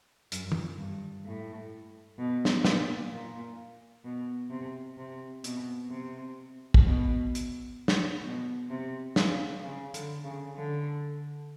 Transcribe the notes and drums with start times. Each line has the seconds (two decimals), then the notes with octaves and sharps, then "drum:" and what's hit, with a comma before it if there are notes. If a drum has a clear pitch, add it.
0.32 F#2, drum: hi-hat
0.52 drum: tom
0.78 G2
1.25 A2
2.18 B2
2.45 drum: snare
2.65 A#2, drum: snare
3.11 A#2
4.05 B2
4.50 C3
4.98 C3
5.44 B2, drum: hi-hat
5.90 C3
6.74 drum: kick
6.84 B2
7.35 drum: hi-hat
7.88 drum: snare
8.23 B2
8.70 C3
9.16 C#3, drum: snare
9.63 C#3
9.94 D3, drum: hi-hat
10.25 C#3
10.57 D3